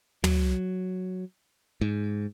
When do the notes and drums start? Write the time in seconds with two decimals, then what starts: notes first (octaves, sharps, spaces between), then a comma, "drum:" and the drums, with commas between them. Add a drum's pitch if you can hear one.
0.24 F#3, drum: tom
1.81 G#2